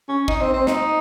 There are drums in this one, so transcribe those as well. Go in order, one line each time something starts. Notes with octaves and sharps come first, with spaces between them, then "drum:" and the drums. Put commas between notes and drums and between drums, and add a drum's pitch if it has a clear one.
C#4
D#4, drum: kick
C4
C4
D#4, drum: snare